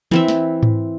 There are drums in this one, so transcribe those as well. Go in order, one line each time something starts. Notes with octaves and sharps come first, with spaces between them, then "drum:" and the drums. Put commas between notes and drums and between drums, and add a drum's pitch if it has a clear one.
E3 C4 E5, drum: tom E3
drum: snare
drum: tom G#2